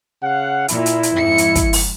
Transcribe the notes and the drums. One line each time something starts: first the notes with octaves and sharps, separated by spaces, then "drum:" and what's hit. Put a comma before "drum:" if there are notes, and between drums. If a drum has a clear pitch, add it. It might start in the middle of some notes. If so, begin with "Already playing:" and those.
C#3 F5 F#5
A#2 E4, drum: hi-hat
drum: hi-hat
drum: hi-hat
F2 G#2 C#7
drum: hi-hat
drum: kick, hi-hat
drum: open hi-hat